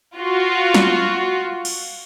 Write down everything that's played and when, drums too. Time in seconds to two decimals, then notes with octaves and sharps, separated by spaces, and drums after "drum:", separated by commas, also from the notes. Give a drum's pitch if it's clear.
0.16 F4 F#4
0.74 drum: snare
1.65 drum: cymbal